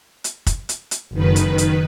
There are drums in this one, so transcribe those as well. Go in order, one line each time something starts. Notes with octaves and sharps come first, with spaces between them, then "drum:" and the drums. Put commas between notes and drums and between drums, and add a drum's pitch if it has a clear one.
drum: hi-hat
drum: kick, hi-hat
drum: hi-hat
drum: hi-hat
F#1 D#3 B4
drum: hi-hat
drum: hi-hat